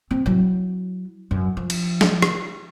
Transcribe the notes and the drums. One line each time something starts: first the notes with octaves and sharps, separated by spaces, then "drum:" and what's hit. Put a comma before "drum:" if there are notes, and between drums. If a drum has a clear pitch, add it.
C4
F#3 E4
F#2
F3
drum: cymbal
drum: snare
drum: rim click